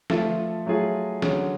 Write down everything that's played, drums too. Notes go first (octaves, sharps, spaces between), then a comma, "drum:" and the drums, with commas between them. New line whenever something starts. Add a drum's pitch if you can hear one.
F3 A3 F4 A4, drum: snare
F#3 A3 F4 G#4
D3 F#3 C#4 G#4, drum: snare